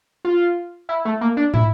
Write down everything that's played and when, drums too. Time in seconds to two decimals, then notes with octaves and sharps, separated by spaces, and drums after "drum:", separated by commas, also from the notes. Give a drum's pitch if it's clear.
0.25 F4
0.89 E4
1.05 A3
1.21 A#3
1.37 D4
1.54 E4, drum: tom